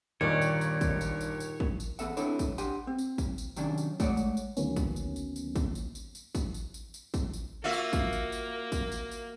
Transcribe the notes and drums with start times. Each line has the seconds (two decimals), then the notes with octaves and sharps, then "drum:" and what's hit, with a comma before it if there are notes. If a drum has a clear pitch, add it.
0.21 G1 D#2 A#2 D#3 C#5 D5
0.42 drum: tambourine
0.61 drum: tambourine
0.81 drum: kick, tambourine
1.01 drum: tambourine
1.21 drum: tambourine
1.40 drum: tambourine
1.60 drum: kick
1.80 drum: tambourine
1.99 E2 A#3 B3 A4 E5 F#5, drum: tambourine
2.17 B3 C4 D4 E4 A4 C#5, drum: tambourine
2.39 drum: kick, tambourine
2.58 D4 G4 F#5 G#5 C6, drum: tambourine
2.87 C4
2.99 drum: tambourine
3.18 drum: kick, tambourine
3.38 drum: tambourine
3.56 C3 D#3 F#3 C#4 D4, drum: tambourine
3.78 drum: tambourine
4.00 G#3 A3 C#5 D5 F#5, drum: kick, tambourine
4.17 drum: tambourine
4.37 drum: tambourine
4.57 D2 D#3 F#3 A#3 B3 C#4, drum: tambourine
4.76 drum: kick, tambourine
4.96 drum: tambourine
5.16 drum: tambourine
5.36 drum: tambourine
5.56 drum: kick, tambourine
5.75 drum: tambourine
5.95 drum: tambourine
6.15 drum: tambourine
6.35 drum: kick, tambourine
6.54 drum: tambourine
6.74 drum: tambourine
6.94 drum: tambourine
7.14 drum: kick, tambourine
7.33 drum: tambourine
7.64 A#3 F4 F#4 E5
7.73 drum: tambourine
7.93 drum: kick, tambourine
8.13 drum: tambourine
8.32 drum: tambourine
8.72 drum: kick, tambourine
8.92 drum: tambourine
9.11 drum: tambourine